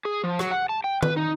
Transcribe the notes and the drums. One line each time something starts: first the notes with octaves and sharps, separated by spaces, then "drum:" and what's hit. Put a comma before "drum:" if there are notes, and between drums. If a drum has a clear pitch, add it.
G#4
F3
F#3, drum: rim click
F#5
A5
G5
B4, drum: tom D#3
D#4